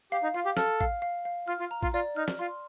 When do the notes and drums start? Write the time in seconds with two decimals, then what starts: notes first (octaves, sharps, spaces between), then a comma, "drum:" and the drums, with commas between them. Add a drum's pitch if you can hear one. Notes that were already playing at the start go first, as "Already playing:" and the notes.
0.12 G4 F5
0.23 D#4
0.35 F4 F5
0.45 G4
0.57 A4 F6, drum: snare
0.81 F5, drum: kick A1
1.02 F5
1.25 F5
1.48 F4 F6
1.60 F4
1.71 A#5
1.83 F4, drum: kick A1
1.93 F4 D5
2.16 D#4 F6
2.28 drum: snare
2.39 F4 C6